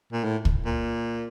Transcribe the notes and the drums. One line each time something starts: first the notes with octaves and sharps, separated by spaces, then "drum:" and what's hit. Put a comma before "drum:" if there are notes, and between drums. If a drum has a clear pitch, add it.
A#2
A2
drum: kick
A#2